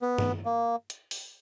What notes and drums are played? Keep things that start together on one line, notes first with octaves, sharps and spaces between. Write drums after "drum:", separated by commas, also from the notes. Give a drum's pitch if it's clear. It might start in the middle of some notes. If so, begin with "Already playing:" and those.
B3
drum: tom G2
A#3
drum: hi-hat
drum: open hi-hat